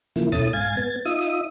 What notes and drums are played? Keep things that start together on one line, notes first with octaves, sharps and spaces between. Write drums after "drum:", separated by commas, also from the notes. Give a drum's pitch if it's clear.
C#3 E3 F3 A#3 E4, drum: hi-hat
B2 C#4 E4 A4 D#6 A6, drum: kick, hi-hat
G#2 F5 G#5 G#6 A6
B3 G#6 A6
D#4 F4 E5 D#6, drum: hi-hat
drum: hi-hat